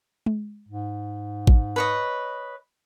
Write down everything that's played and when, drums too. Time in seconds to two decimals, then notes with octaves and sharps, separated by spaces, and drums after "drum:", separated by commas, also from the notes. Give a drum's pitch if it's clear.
0.26 drum: tom G#3
0.68 G#2
1.47 drum: kick
1.76 B4 C#5 D#5